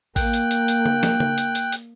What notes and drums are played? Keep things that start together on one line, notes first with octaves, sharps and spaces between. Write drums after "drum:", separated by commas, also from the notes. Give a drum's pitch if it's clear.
A#3 G5 F#6, drum: kick A1, open hi-hat
drum: hi-hat
drum: hi-hat
drum: hi-hat
drum: tom C#3
drum: snare
drum: tom C#3
drum: hi-hat
drum: hi-hat
drum: hi-hat